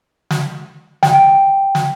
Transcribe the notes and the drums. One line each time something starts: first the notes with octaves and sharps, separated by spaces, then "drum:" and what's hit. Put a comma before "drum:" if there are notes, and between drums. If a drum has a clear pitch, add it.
drum: snare
G5, drum: snare
drum: snare